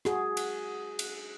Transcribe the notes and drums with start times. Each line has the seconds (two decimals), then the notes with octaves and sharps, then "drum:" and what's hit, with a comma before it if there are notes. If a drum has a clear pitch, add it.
0.05 F#4 G#4, drum: rim click
0.37 drum: cymbal
0.99 drum: cymbal